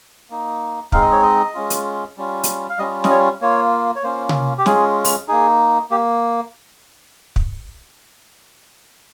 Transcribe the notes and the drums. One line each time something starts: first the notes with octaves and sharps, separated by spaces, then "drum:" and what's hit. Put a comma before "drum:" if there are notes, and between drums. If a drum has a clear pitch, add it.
A#3 D#4
G#3 C4 D#4 F5, drum: kick
D#5
C#5
D#5
G#3 C#4 F4
drum: hi-hat
G3 C#4 F4
drum: hi-hat
F5
G3 C#4 F4 D#5
D#5, drum: snare
C#5
A#3 F4 C#5
C#5
A#3 C#4 F4 C5
drum: tom C3
G4
G#3 C#4 F4 G#4, drum: snare
drum: open hi-hat
A#3 D#4 G#4
A#3 G4
drum: kick